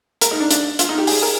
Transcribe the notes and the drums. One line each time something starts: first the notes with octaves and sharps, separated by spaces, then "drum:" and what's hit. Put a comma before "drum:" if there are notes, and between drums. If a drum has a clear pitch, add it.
A#4, drum: hi-hat
D#4
D4
D4, drum: hi-hat
F4, drum: hi-hat
D#4
G4
G#4, drum: open hi-hat
A#4